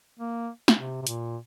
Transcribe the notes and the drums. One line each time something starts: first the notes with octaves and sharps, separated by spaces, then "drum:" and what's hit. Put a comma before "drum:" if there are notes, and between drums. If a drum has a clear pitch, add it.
A#3
drum: snare
C3
C3
A#2, drum: hi-hat